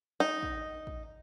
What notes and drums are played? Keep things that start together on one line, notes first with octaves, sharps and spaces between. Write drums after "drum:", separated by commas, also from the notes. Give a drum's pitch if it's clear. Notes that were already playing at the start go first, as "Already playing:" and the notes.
D#4
drum: kick
drum: kick